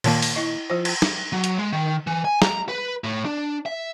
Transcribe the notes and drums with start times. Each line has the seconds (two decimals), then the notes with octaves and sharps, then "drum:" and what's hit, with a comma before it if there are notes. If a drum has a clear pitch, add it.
0.04 A#2 D#3 A#3 C#5 A5, drum: cymbal
0.22 drum: open hi-hat
0.35 E4 D#5 C#6
0.70 F3 F4 C5
0.85 drum: cymbal
1.02 drum: snare
1.32 F#3
1.44 drum: hi-hat
1.58 G#3
1.73 D#3
2.07 E3
2.25 G#5
2.42 A#5, drum: snare
2.69 B4
3.04 A2
3.25 D4
3.66 E5